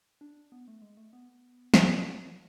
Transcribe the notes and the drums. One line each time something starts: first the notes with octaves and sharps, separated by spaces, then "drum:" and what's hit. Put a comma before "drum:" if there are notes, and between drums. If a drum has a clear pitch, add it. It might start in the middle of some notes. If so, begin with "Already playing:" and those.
D4
B3
A3
G#3
A3
B3
drum: snare